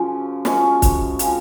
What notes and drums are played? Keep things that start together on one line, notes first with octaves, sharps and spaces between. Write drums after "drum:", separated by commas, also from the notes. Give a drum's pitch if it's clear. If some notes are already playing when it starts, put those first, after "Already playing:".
Already playing: F#2 C#3 F3 C6
F#2 F3 G#3 C#4 C#6, drum: snare
drum: kick, hi-hat
C#3 F3 C4, drum: hi-hat